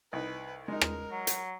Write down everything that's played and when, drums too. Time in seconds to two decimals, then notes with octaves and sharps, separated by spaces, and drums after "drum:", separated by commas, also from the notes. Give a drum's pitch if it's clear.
0.13 C2 D#4 B4
0.68 G#3 D#4 A#4
0.81 drum: rim click
1.12 F#3
1.27 drum: hi-hat